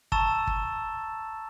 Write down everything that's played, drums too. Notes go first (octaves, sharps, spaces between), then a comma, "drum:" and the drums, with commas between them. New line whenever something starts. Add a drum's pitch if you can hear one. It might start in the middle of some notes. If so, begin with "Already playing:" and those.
A5 A#5 C#6 E6 A6 E7, drum: kick G1
drum: kick G1